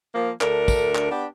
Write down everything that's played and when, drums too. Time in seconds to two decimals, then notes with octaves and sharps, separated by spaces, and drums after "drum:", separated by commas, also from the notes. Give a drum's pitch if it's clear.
0.15 F3 A#3
0.41 D2 D4 A4 A#4, drum: clap
0.68 drum: kick, tambourine
0.95 drum: clap
1.11 B3 D4 G4